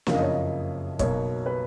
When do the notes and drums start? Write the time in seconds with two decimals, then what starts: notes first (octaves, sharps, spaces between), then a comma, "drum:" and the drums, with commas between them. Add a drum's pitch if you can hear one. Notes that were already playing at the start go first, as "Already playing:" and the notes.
0.07 F#1 F2 C#3 F3 A#3 F5, drum: snare
0.15 D#5
0.22 C#5
0.31 D#5
0.99 B1 B2 A#3 C#5, drum: kick, hi-hat
1.46 B4